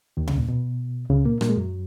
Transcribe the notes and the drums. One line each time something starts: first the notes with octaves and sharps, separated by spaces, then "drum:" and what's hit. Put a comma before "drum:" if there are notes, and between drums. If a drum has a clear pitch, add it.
D#2 D#3
C#2 C#3, drum: tom D#2
A#2
B2
C#2 C#3
A#2 A#3
A#2 A#3, drum: rim click
G#3
F#2 F#3